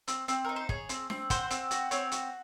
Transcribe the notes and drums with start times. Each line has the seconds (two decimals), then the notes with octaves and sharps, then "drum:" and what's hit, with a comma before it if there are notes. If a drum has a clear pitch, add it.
0.08 C4, drum: hi-hat
0.28 C4, drum: hi-hat
0.45 D#4 A#4
0.56 C5
0.69 G#4 C#5, drum: kick
0.89 C4, drum: hi-hat
1.10 C4, drum: snare
1.30 F#4 C5, drum: kick, hi-hat
1.51 C4, drum: hi-hat
1.71 F#4, drum: hi-hat
1.91 C4 C#5, drum: hi-hat
2.12 F#4, drum: hi-hat